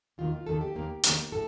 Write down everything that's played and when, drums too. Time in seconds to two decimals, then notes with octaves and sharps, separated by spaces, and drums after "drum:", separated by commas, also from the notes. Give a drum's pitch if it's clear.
0.18 D#2 D#3 A#3 F4
0.32 F4
0.46 D#2 D#3 A#3 A4
0.61 G4
0.75 D#2 D#3 A#3
1.03 D#2 D#3 A#3, drum: hi-hat
1.32 A2 A4